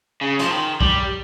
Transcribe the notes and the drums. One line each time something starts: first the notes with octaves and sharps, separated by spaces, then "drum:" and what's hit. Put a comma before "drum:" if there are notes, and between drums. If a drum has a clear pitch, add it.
C#3
F3, drum: hi-hat
D#3
G3, drum: kick B1